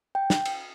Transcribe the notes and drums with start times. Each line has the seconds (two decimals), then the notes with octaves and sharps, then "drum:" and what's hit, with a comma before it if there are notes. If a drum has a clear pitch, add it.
0.15 G5
0.30 drum: snare
0.45 drum: cymbal